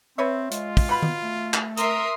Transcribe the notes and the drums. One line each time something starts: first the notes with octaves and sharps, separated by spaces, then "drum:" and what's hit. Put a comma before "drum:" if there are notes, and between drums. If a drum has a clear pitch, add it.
C4 B4 C#5 E5
G#3 F4, drum: hi-hat
drum: kick, open hi-hat
B2 B5
drum: tom D#3
A3
drum: clap
A#4 E5 C6 D#6, drum: hi-hat